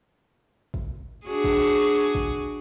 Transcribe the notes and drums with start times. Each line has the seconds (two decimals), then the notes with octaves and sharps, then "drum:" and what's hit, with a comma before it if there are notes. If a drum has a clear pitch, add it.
0.74 drum: kick
1.27 D4 F#4 G#4
1.44 drum: kick
2.15 drum: kick